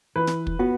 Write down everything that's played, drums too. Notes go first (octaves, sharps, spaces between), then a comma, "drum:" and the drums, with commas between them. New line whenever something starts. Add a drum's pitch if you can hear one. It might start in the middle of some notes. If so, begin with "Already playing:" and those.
E3 B4
drum: snare
drum: kick
B3 F#4